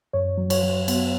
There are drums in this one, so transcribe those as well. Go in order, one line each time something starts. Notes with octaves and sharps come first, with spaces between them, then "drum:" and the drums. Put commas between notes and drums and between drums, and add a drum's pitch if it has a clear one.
F#2 C#5
F#3
C#5, drum: cymbal
F#3
B3, drum: cymbal